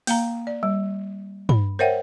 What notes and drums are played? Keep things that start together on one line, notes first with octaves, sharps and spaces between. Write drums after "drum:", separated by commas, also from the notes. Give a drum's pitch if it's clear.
A#3 F5 A#5, drum: open hi-hat
D5
G3
B5, drum: tom
A#4 C5 C#5 E5 F#5 G5